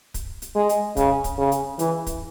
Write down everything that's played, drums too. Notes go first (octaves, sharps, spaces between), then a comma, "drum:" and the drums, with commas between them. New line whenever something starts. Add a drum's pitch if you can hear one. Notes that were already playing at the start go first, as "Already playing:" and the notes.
drum: kick, hi-hat
drum: hi-hat
G#3
drum: hi-hat
C#3, drum: kick, hi-hat
drum: kick, hi-hat
C#3
drum: hi-hat
E3, drum: hi-hat
drum: kick, hi-hat